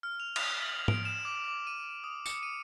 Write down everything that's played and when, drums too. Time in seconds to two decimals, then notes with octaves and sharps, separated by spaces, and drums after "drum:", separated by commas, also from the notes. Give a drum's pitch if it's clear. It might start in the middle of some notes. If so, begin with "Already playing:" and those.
0.03 F6
0.20 F7
0.36 F7, drum: cymbal
0.62 F#7
0.88 D7, drum: tom G#2
1.05 E7
1.25 D6
1.48 D6
1.67 D#7
2.04 D#6
2.26 C#7, drum: tambourine
2.43 D#7